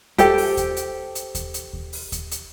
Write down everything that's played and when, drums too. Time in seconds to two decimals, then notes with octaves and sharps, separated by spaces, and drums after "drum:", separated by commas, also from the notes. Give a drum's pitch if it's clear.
0.18 G4 A4 C5 G5, drum: kick D#2, hi-hat
0.38 drum: open hi-hat
0.57 drum: kick D#2, hi-hat
0.77 drum: hi-hat
1.15 drum: hi-hat
1.35 drum: kick D#2, hi-hat
1.54 drum: hi-hat
1.73 drum: kick D#2
1.93 drum: open hi-hat
2.12 drum: kick D#2, hi-hat
2.31 drum: hi-hat